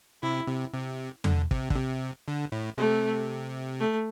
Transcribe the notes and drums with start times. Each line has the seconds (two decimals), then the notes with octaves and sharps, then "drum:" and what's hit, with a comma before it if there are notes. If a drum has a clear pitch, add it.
0.22 C3 E4
0.47 C3
0.74 C3
1.24 D3, drum: tom E2
1.51 C3, drum: kick
1.70 D3, drum: kick
1.76 C3
2.28 D3
2.52 A2
2.78 C3 A3
3.80 A3